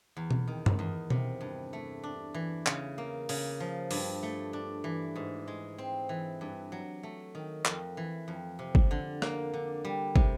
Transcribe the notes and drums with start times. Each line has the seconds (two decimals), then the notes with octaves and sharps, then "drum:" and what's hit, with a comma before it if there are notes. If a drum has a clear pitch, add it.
0.17 E2
0.31 drum: tom B2
0.48 D#3
0.66 drum: tom G2
0.79 E2
1.10 C3, drum: tom B2
1.41 G2
1.73 A3
2.04 D4
2.34 E3
2.67 C#3, drum: clap
2.98 A#3
3.29 C#3, drum: open hi-hat
3.60 F3
3.91 G2, drum: open hi-hat
4.23 A3
4.53 D4
4.84 E3
5.16 G#2
5.48 G#3
5.78 C4
6.09 E3
6.41 G2
6.72 F#3
7.03 A3
7.35 D#3
7.65 F2, drum: clap
7.97 E3
8.28 F2
8.59 C3
8.75 drum: kick
8.91 D3
9.22 A#3, drum: rim click
9.53 D3
9.85 G3
10.16 C3, drum: kick